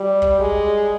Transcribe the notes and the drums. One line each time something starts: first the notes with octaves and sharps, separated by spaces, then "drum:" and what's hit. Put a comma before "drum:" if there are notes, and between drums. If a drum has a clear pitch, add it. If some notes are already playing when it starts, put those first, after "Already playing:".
Already playing: G3
drum: kick
G#3